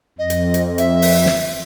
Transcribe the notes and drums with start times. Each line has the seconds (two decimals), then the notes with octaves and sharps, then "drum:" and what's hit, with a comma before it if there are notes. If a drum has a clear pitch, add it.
0.19 F2 D#5
0.30 drum: hi-hat
0.54 drum: hi-hat
0.78 E5, drum: hi-hat
1.02 drum: open hi-hat
1.26 drum: snare